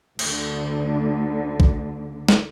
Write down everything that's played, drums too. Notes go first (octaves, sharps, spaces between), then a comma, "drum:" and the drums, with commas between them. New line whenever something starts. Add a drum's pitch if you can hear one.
D2 D3, drum: cymbal
drum: kick
drum: snare